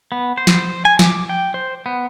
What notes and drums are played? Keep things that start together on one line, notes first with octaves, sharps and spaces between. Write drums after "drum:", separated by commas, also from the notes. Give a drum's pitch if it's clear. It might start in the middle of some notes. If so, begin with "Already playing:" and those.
B3
C5
drum: snare
G#5
D6, drum: snare
G5
C5
B3